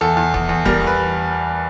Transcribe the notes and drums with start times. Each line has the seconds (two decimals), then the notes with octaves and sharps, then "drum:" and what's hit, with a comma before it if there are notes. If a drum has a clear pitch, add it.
0.01 E2 A4
0.17 E2
0.34 E2, drum: kick C#1
0.49 E2
0.65 G3 A#4, drum: kick C#1
0.81 E2
0.87 B4